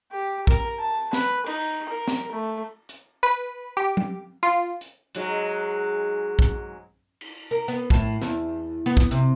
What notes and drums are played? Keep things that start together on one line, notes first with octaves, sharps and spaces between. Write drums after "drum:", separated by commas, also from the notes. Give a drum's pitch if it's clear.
G4
A#4, drum: kick
A5
B4, drum: snare
D#4, drum: cymbal
A#4
drum: snare
A3
drum: hi-hat
B4
G4
drum: tom F#3
F4
drum: hi-hat
G#2 F#3 G#3, drum: hi-hat
drum: kick
drum: cymbal
A#4
B3, drum: hi-hat
A2, drum: kick
E2, drum: snare
B3
drum: kick
C3, drum: hi-hat